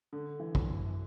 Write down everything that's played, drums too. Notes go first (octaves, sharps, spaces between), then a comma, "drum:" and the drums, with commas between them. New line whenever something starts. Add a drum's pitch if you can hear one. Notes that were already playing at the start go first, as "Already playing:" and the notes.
D3
E3
drum: kick
F#2